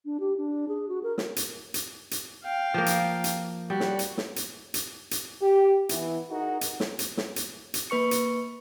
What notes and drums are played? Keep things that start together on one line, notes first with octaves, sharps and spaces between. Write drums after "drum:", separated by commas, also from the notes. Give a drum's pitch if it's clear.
D4
G4
D4
G#4
F#4
A#4
drum: snare
drum: hi-hat
drum: hi-hat
drum: hi-hat
F5 G5
F3 A#3
drum: hi-hat
drum: hi-hat
G3 F#4
drum: snare
drum: hi-hat
drum: snare
drum: hi-hat
drum: hi-hat
drum: hi-hat
G4
E3 B3 E4, drum: hi-hat
D#4 F#4 G#4 A#4
drum: hi-hat
drum: snare
drum: hi-hat
drum: snare
drum: hi-hat
drum: hi-hat
A#3 B4 C#6 C#7
drum: hi-hat